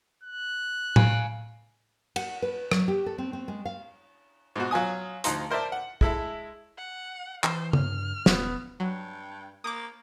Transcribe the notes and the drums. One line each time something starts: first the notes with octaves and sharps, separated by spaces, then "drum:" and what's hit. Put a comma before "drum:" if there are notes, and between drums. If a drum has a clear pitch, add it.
F#6
F5 G#5, drum: tom A2
F#5, drum: cymbal
B4
F#3, drum: rim click
G4
A4
C4
C4
G#3
F5
G#2 B2 F#4
F#3 F4 G#5 D#6
D2 F3 D#4 F5 A#5 C6, drum: hi-hat
A#4 C5 D5 E5 A5
F#5
G#3 E4 A4 E5, drum: kick
F#5
E3 C5, drum: clap
G2 F6, drum: tom C#3
E1 B3, drum: snare
G2 F#3
A#3 D6 D#6